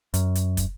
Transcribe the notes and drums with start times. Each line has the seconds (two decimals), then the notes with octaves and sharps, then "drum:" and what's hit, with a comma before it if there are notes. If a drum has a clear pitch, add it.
0.14 F#2, drum: hi-hat
0.35 drum: hi-hat
0.57 drum: kick, hi-hat